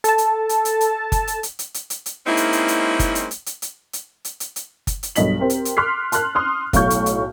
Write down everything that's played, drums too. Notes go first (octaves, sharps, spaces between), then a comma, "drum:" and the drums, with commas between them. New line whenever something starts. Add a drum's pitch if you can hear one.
A4 A5, drum: hi-hat
drum: hi-hat
drum: hi-hat
drum: hi-hat
drum: hi-hat
drum: kick, hi-hat
drum: hi-hat
drum: hi-hat
drum: hi-hat
drum: hi-hat
drum: hi-hat
drum: hi-hat
G#3 A#3 C4 C#4 D#4 E4
drum: hi-hat
drum: hi-hat
drum: hi-hat
drum: kick, hi-hat
drum: hi-hat
drum: hi-hat
drum: hi-hat
drum: hi-hat
drum: hi-hat
drum: hi-hat
drum: hi-hat
drum: hi-hat
drum: kick, hi-hat
drum: hi-hat
B1 G2 D#5 B6 F#7, drum: hi-hat
C4 G4 A#4
drum: hi-hat
drum: hi-hat
C6 D6 F6 F#6 B6 C7
A5 C6 F6 F#6, drum: hi-hat
C6 D#6 F6
B1 A2 F5 C#6 G6, drum: kick, hi-hat
drum: hi-hat
drum: hi-hat